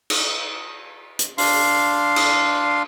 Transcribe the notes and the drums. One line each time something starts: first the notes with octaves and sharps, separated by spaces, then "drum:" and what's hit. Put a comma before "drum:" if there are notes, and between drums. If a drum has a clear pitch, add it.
drum: cymbal
drum: hi-hat
D4 F5 C6, drum: open hi-hat
drum: cymbal